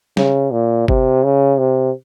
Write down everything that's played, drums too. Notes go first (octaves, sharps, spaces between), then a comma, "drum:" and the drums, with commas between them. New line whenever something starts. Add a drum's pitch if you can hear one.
C#3, drum: snare G3
A#2
C3, drum: kick
C#3
C3